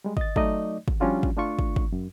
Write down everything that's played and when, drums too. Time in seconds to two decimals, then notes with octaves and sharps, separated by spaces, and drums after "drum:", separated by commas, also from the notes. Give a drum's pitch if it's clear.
0.04 G3 G#3
0.17 D#5 A6, drum: kick
0.36 F#3 A3 D#4 D5 D#5, drum: kick
0.88 drum: kick
1.00 F3 G3 C#4 D4 F4 F#4
1.23 drum: kick
1.37 A3 D4 F4 C#6
1.59 drum: kick
1.76 drum: kick
1.92 F#2